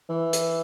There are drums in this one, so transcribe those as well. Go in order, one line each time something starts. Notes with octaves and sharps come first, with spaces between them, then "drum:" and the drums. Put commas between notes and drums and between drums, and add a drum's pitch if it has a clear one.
E3
drum: hi-hat